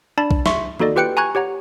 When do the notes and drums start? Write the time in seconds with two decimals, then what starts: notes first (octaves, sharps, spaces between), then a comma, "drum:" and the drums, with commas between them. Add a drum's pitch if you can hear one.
0.18 D4 D5 A5 B5
0.31 drum: kick B1
0.46 E5 C6 C#6, drum: snare
0.79 A#3 D#4 F#4 A4 D5 D#5, drum: tom D#3
0.96 F4 G4 B4 G5 F#6 C#7
1.17 G#5 A#5 C#6 F#6 G#6
1.35 G4 C#5 F#5 A#5